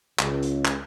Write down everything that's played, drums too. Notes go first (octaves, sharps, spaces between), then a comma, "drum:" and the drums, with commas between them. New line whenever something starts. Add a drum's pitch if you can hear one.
C#2, drum: clap
drum: hi-hat
drum: clap